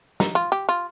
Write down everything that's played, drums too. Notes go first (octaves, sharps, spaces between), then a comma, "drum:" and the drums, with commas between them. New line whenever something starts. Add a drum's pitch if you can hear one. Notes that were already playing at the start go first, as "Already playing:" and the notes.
D#4, drum: snare
F4
G4
F4